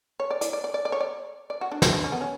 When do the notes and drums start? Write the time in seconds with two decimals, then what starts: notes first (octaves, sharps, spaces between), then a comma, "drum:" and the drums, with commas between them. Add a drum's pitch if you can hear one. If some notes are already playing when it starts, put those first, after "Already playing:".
0.20 C#5
0.31 D5
0.41 D5, drum: hi-hat
0.53 D5
0.64 D5
0.74 D5
0.85 D5
0.92 C#5
1.00 D5
1.50 D5
1.61 F#4
1.72 D4
1.82 D4, drum: snare
1.93 D4
2.04 C#4
2.12 B3
2.21 C#4